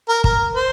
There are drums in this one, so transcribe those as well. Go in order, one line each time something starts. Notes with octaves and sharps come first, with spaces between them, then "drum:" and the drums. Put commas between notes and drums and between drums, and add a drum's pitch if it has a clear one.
A#4
A#4, drum: kick
C5